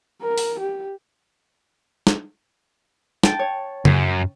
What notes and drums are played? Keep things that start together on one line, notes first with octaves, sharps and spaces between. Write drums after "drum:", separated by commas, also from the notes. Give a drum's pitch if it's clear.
A#4
drum: open hi-hat
G4
drum: snare
G5 A5, drum: snare
C#5
F#2, drum: tom C#3